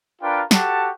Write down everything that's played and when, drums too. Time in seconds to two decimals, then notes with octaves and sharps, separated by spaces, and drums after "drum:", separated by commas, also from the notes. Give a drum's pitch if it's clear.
0.22 D4 F4 A#4 B4 G5
0.51 F#4 G4 A4 F#5 A5, drum: snare